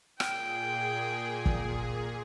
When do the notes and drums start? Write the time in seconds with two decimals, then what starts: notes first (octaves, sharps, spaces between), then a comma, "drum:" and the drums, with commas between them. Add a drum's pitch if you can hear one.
0.20 A#2 G#4 G5, drum: rim click
1.46 drum: kick